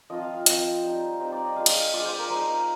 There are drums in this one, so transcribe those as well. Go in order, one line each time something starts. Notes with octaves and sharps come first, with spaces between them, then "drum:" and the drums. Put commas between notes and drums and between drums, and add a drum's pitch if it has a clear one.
F3 C4 F4 D#5
F5
F5
F3 C4 F4 D#5, drum: hi-hat
G3 C4 D#4
G3 C4 D#4 C5
D5
D#5
G#3 D4 F4 F5
D#5, drum: cymbal
F5
G#3 D4 F4 D5
C5
A#4
G#3 D#4 C5